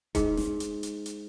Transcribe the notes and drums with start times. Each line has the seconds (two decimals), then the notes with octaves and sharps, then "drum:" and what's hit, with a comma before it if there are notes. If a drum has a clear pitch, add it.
0.15 G#2, drum: kick D#1, hi-hat
0.37 drum: snare
0.60 drum: hi-hat
0.83 drum: hi-hat
1.06 drum: hi-hat